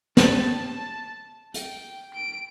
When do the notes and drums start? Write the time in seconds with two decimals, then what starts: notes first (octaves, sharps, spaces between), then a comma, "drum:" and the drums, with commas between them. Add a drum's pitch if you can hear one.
0.17 A5, drum: snare
1.54 G5, drum: hi-hat
2.14 D7